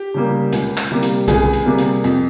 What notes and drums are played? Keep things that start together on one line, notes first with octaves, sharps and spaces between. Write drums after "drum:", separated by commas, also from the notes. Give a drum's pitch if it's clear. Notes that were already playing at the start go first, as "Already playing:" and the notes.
Already playing: G4
C#3 G3 A#3
C#2, drum: hi-hat
drum: clap
C3 G3 A#3
drum: hi-hat
C#2 G#4, drum: kick B1, hi-hat
drum: hi-hat
C3 G3 A#3
drum: hi-hat
F2, drum: hi-hat